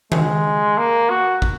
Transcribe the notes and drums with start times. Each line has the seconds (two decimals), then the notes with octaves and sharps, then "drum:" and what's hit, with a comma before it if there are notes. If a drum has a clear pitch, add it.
0.12 G#3, drum: tom D#3
0.78 A#3
1.10 F#4
1.42 drum: kick